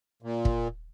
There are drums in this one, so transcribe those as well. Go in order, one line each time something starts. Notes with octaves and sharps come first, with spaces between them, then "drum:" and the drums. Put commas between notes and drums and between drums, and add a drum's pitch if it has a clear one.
A#2
drum: kick